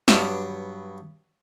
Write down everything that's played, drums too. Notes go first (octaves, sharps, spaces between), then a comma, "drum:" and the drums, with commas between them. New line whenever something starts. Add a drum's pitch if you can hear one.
G2 F#3 B3 D4, drum: snare